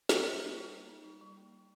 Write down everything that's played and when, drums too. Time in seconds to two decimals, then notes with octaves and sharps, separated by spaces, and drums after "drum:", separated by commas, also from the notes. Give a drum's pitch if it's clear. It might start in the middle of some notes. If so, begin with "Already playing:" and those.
0.09 G3, drum: snare
0.24 A#3
0.40 A#3
0.57 G3
0.72 A#3
0.89 D#4
1.04 G3
1.21 G3
1.37 A#3
1.52 G3